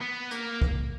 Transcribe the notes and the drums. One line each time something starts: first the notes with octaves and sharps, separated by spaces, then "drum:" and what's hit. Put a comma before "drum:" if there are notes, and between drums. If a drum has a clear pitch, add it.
B3
A#3, drum: hi-hat
drum: kick